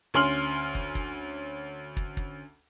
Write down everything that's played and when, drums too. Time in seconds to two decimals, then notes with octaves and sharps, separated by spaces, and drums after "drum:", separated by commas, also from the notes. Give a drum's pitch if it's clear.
0.14 D2 C#4 C6 F6 F#7
0.75 drum: kick
0.95 drum: kick
1.97 drum: kick
2.17 drum: kick